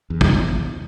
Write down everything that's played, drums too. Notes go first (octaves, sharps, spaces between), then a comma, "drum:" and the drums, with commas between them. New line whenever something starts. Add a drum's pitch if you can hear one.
E2
drum: kick